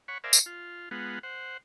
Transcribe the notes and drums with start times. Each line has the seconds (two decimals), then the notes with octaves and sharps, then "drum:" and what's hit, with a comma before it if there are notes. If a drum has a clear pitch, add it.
0.08 C#5 F#5 B5 C#6
0.24 A#4 C5 D5 E5 F5 G#5
0.33 drum: tambourine
0.46 F4
0.91 G#3 B3 F4 F#5
1.23 C5 F#5